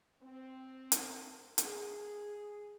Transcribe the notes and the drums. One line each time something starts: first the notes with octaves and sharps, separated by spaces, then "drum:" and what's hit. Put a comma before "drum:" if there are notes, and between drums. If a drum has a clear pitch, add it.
C4
drum: hi-hat
G#4, drum: hi-hat